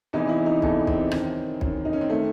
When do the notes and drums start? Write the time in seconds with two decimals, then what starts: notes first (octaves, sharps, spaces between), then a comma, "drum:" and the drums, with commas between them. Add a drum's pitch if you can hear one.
0.13 E2 C3 E3 D#4
0.29 E4
0.46 D#4
0.62 E2 C3 E3 A4, drum: kick B1
0.87 C4, drum: kick B1
1.11 F#2 D#3, drum: rim click
1.61 F#2 D#3, drum: kick B1
1.85 D#4
1.93 C#4
2.01 C4
2.10 D#3 A3